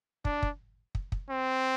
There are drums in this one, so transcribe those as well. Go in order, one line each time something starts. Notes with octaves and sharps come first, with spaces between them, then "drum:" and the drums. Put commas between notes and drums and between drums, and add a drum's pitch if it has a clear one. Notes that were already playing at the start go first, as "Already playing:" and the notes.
D4, drum: kick
drum: kick
drum: kick
drum: kick
C4